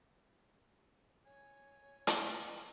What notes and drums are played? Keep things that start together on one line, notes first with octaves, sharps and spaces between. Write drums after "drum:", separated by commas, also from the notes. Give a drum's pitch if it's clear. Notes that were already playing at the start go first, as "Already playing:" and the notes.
C#5 G#5
drum: hi-hat